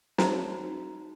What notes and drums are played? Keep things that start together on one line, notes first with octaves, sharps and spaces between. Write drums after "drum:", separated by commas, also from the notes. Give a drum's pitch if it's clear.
D#4 F#4 C5 A#5, drum: snare